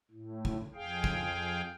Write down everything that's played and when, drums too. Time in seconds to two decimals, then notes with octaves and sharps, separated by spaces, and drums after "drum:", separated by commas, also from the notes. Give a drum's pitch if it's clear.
0.11 A2
0.45 drum: kick
0.74 F2 G#4 F5 G5
1.04 drum: kick